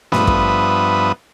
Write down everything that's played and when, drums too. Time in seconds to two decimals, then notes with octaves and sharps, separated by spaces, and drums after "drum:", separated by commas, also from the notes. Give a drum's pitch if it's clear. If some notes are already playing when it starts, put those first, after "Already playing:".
0.12 G2 F3 B3 B4 E5 D#6, drum: snare
0.27 drum: kick